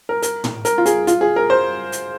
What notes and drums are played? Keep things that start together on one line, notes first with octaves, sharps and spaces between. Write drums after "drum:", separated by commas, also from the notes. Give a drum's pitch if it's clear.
A#4
A#4, drum: hi-hat
drum: tom
A#4, drum: hi-hat
F4
G#4, drum: hi-hat
F4, drum: hi-hat
G#4
A#4
C5
drum: hi-hat